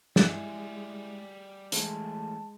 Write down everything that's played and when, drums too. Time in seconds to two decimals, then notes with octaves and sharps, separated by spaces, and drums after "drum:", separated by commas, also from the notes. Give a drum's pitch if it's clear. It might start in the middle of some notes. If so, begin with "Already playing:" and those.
0.16 G3 G#3 E4 G#4, drum: snare
1.72 E3 G#3 A3 G#4 A5, drum: hi-hat